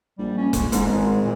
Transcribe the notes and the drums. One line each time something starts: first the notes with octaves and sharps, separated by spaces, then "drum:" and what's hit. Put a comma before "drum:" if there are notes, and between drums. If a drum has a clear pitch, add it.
A#1 G3
C#4
G#3, drum: kick F1, hi-hat
E2 G#2, drum: hi-hat
G#1
A#2